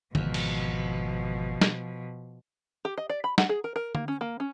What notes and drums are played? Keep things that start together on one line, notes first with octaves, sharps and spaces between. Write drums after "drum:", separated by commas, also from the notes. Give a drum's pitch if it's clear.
G#1 E2 B2 F3, drum: tom D3
drum: cymbal
drum: snare
G4
D#5
D5
B5
F#5, drum: snare
G#4
A#4
A#4
A#3, drum: tom D3
C#4
A#3
C#4